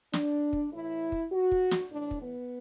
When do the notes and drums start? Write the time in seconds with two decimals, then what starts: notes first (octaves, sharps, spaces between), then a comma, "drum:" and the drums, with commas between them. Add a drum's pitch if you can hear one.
0.13 D4, drum: snare
0.53 drum: kick
0.72 A2 E3 E4
1.12 drum: kick
1.32 F#4
1.52 drum: kick
1.71 drum: snare
1.91 A2 E3 D4
2.11 drum: kick
2.21 B3